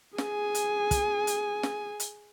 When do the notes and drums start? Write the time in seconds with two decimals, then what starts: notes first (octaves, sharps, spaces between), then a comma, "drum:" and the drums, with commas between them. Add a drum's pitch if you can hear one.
0.18 G#4 G#5, drum: snare
0.55 drum: hi-hat
0.91 drum: kick, hi-hat
1.27 drum: hi-hat
1.63 drum: snare
2.00 drum: hi-hat